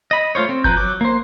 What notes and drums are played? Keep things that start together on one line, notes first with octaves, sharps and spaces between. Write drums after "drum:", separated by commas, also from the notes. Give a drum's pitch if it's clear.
D#5 B5
A3 F4 C5 C#5
C4
F3 B4 A#5 G6, drum: kick F#1
F#3 D6 F#6
A#3 C5